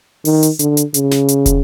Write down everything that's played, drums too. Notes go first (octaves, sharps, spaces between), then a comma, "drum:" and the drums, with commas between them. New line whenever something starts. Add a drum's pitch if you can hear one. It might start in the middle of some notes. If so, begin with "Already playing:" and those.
D#3, drum: open hi-hat
drum: hi-hat
D3, drum: hi-hat
drum: hi-hat
C#3, drum: hi-hat
drum: snare
drum: hi-hat
drum: kick, hi-hat